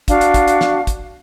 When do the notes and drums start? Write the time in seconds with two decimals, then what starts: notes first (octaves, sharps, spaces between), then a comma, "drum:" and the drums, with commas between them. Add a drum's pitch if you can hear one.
0.08 D4 F#4 F5, drum: kick, hi-hat
0.21 drum: hi-hat
0.34 drum: kick, hi-hat
0.48 drum: hi-hat
0.61 drum: snare
0.87 drum: kick, hi-hat